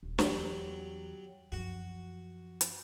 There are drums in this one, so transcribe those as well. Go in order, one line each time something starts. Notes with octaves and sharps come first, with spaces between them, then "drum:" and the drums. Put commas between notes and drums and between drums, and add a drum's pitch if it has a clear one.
D#1
E2 E3 F#3 G3, drum: snare
F#2 F3 F#4
drum: hi-hat